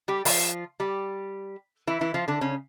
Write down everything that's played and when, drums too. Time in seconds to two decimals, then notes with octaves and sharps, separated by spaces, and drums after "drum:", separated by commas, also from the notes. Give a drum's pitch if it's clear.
0.08 G3 G4
0.25 F3 F4, drum: open hi-hat
0.80 G3 G4
1.87 E3 E4
2.01 E3 E4
2.14 F3 F4
2.28 D3 D4
2.41 C#3 C#4